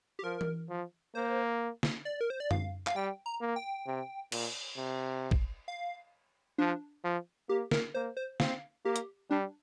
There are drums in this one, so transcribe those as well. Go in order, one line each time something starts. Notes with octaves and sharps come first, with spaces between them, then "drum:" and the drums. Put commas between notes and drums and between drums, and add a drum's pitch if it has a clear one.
G4
F3 A#4
drum: tom E3
F3
A#3 C5
drum: snare
D5
A#4
C5
D5
F5, drum: tom F#2
F5, drum: clap
G3 G5
A#5
A#3
G5
C3
A#2, drum: cymbal
C3
drum: kick
F5
F3 D4
F3
A#3 G4
A#4, drum: snare
A#3 C5
C5
C4 F5, drum: snare
A#3 G4
drum: hi-hat
G3 D4